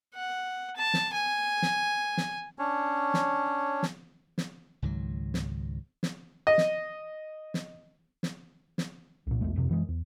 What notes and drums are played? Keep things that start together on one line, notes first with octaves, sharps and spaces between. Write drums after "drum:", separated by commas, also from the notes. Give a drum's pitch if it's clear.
F#5
A5
drum: snare
G#5
drum: snare
drum: snare
C#4 D4 C#5
drum: snare
drum: snare
drum: snare
C#2 G#2 D#3 F#3
drum: snare
drum: snare
D#5
drum: snare
drum: snare
drum: snare
drum: snare
C2 A#2
B1 E2 G#3 A3
D#1 F2 C3
F#2 E3 F#3 G#3
E2